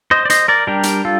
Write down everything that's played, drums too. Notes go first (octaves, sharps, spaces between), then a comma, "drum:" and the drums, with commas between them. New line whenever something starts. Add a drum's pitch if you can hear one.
C5 D#5
D5
C5 D#5, drum: hi-hat
A#4 D5
G3 D4 G4 A#4
drum: hi-hat
F4 A4